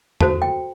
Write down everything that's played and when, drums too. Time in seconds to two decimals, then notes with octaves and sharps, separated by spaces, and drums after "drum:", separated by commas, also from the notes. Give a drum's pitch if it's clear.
0.21 F#4 A4 C5 A5, drum: tom
0.42 G5